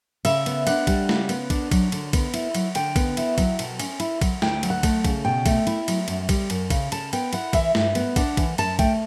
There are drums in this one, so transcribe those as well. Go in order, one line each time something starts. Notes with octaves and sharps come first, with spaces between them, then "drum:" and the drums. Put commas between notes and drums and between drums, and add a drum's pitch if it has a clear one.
C#3 E5, drum: cymbal
B3, drum: cymbal
D4 F#5, drum: cymbal
G3, drum: kick, cymbal
C#3, drum: snare
B3, drum: cymbal
D4, drum: kick, cymbal
F#3, drum: kick, cymbal
D3, drum: cymbal
B3, drum: kick, cymbal
E4, drum: cymbal
F#3, drum: cymbal
D3 G5, drum: cymbal
B3, drum: kick, cymbal
E4, drum: cymbal
F#3, drum: kick, cymbal
B2, drum: cymbal
C#4, drum: cymbal
E4, drum: cymbal
F#3, drum: kick, cymbal
D2 G5, drum: snare
F#3, drum: cymbal
F#5
A3, drum: kick, cymbal
C#3, drum: kick, cymbal
B2 G5
A3, drum: kick, cymbal
E4, drum: cymbal
F#3, drum: cymbal
F#2, drum: cymbal
G3, drum: kick, cymbal
F#2, drum: cymbal
C#3, drum: kick, cymbal
C#3 A5, drum: cymbal
B3 G5, drum: cymbal
E4 F#5, drum: cymbal
E3 E5, drum: kick, cymbal
G2, drum: snare
B3, drum: cymbal
D4 F#5, drum: kick, cymbal
E3, drum: kick, cymbal
F#2 A5, drum: cymbal
A3 G5, drum: kick, cymbal